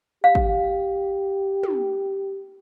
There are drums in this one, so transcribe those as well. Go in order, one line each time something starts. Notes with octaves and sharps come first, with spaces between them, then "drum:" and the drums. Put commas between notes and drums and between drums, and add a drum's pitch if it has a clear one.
G4 F5
drum: kick
drum: tom